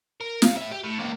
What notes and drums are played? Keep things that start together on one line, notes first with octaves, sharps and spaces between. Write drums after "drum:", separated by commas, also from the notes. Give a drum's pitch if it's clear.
A#4
C3 F5, drum: snare
A2 E5
G4
A2
C#2 A#3